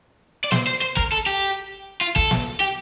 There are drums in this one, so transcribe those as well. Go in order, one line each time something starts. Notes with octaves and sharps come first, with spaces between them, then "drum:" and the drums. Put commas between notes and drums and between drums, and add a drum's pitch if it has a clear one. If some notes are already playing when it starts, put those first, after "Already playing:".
D5
C5, drum: snare
C5
C5
A#4, drum: kick
A4
G4
F4
A4, drum: kick
drum: snare
G4